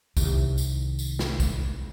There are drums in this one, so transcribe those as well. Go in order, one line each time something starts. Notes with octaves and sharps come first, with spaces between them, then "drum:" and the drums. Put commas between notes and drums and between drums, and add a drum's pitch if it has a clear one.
C2 D#3, drum: kick B1, tambourine
drum: tambourine
drum: tambourine
drum: snare
drum: kick B1, tambourine